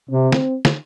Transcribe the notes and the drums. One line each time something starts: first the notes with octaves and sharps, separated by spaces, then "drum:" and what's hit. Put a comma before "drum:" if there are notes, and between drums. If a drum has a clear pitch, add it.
C3 C4
drum: snare
drum: snare